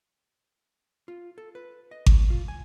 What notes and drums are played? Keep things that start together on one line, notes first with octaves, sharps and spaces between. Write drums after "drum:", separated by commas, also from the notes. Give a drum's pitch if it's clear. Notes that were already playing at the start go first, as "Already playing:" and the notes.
F4
A4
B4
D#5
A2, drum: kick G#1
F4
G#5